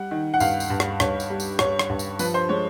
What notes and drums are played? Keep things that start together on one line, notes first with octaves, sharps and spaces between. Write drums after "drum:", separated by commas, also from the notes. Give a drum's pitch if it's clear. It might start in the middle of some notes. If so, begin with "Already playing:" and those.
Already playing: G3 F#5
D#3
F#5
G2 F5, drum: tambourine
drum: tambourine
G2
drum: rim click
G2 C#5, drum: rim click
drum: tambourine
G3
drum: tambourine
G2 C#5, drum: rim click
drum: rim click
G2
drum: tambourine
F3 B4, drum: tambourine
C5
G#3 C#5